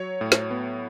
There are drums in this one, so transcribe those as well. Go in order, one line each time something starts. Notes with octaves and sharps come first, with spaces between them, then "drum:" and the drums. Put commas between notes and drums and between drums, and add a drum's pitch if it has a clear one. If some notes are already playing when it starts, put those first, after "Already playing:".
Already playing: F#3 C#5
A2
drum: snare
B3